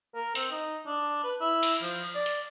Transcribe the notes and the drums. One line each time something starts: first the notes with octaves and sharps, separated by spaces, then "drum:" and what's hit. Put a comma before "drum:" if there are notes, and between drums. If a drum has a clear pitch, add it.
A#4
C4, drum: open hi-hat
D#4
D4
B4
E4
drum: cymbal
F3
D5
drum: hi-hat